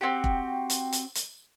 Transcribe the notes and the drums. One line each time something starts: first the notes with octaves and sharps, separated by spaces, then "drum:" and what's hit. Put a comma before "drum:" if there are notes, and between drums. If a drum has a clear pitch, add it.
C4 F#4 G4
drum: kick F1
drum: hi-hat
drum: hi-hat
drum: hi-hat